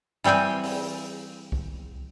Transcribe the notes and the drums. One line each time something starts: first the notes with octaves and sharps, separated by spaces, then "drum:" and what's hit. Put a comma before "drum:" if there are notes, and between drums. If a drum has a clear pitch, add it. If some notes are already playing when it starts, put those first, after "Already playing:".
E3 G3 C4 G5 G#5
drum: open hi-hat
drum: kick C2